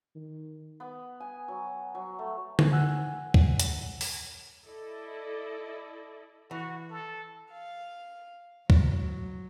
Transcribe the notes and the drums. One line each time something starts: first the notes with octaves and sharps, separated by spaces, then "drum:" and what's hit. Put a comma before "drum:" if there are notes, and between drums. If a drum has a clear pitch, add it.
D#3
B3
G#5
F#3
F#3
A3
drum: tom D3
F#5 G#5 E6 F#6
drum: kick
drum: hi-hat
drum: open hi-hat
E4 A4 D5 D#5
E3 F#4
A4
F5
F#3, drum: kick